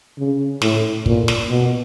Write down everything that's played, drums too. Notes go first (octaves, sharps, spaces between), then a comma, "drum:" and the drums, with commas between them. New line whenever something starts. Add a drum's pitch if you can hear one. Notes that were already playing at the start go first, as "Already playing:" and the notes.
C#3
A2, drum: snare
A#2, drum: kick
drum: snare
B2